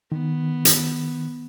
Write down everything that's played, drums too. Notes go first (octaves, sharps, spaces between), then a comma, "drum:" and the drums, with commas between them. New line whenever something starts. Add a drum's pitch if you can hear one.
D#3 B3
drum: hi-hat